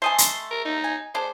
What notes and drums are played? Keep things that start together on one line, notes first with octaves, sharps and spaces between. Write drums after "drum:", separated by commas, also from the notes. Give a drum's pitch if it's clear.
A3 D#5 G#5 C6
C6, drum: hi-hat
A#4
D#4
G#5
G#3 D4 C5